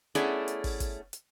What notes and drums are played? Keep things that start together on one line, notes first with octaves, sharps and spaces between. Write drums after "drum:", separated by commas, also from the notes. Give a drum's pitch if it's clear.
A3 B3 C#4 E4 G#4 D5, drum: hi-hat
drum: hi-hat
drum: kick, open hi-hat
drum: kick, hi-hat
drum: hi-hat